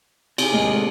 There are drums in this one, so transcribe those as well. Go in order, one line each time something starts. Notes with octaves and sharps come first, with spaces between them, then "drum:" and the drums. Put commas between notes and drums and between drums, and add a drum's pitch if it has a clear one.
C3 G#4, drum: cymbal
D#2 G#3 A#3
A4 D5 F#5